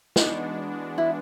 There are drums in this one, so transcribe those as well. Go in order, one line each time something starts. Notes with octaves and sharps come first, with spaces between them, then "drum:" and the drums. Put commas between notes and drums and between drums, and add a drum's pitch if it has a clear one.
E3 G#3 B3 D4 D#4 F#4, drum: snare
E4